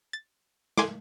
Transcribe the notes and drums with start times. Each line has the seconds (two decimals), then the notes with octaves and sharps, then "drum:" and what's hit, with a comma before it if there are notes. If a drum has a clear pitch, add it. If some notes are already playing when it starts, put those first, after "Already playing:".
0.13 A6
0.77 G#5 C6 D6, drum: snare